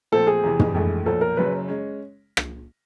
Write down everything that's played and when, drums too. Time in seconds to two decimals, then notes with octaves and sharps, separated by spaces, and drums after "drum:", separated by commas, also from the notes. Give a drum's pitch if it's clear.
0.12 A#2 F3 A3 C4 A4
0.27 G#4
0.43 E2 C3 E3
0.59 drum: tom
0.75 A#1 G#2 E3 A3
1.06 B1 A#2 F3 A4
1.21 A#4
1.37 F#1 F#2 C#3 F#3 B4
1.68 G#3 C#4
2.37 drum: rim click